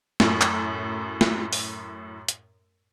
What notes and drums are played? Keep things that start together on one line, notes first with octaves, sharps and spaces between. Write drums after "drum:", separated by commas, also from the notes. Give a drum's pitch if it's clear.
F#2 A2, drum: snare
drum: clap
drum: snare
drum: open hi-hat
drum: hi-hat